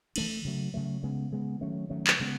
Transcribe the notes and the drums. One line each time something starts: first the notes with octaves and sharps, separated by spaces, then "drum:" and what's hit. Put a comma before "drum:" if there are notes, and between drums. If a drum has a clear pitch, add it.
E3 A3 C#4, drum: cymbal
C#3 F#3 A3
C#3 F#3 A3
C#3 G#3 B3
C#3 G#3 B3
D#3 F#3 A3 C#4
D#3 F#3 A3 C#4
drum: clap
C#3 G#3 B3